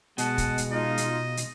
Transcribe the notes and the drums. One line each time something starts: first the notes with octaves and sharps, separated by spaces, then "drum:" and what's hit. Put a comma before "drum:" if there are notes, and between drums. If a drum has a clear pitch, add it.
B2 G#3 D#5 F#5 A5, drum: hi-hat
drum: kick, hi-hat
drum: hi-hat
D#4 F4 D#5
drum: hi-hat
drum: hi-hat